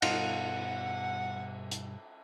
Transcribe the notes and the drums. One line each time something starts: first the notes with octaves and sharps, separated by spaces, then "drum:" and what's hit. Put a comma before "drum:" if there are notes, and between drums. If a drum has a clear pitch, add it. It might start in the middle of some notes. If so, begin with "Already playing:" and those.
G2 B2 G3 D#4 F4 F5 F#5, drum: cymbal
drum: hi-hat